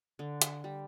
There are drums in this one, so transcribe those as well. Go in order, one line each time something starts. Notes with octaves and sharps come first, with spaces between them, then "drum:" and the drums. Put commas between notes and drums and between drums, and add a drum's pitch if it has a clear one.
D3
drum: hi-hat
G3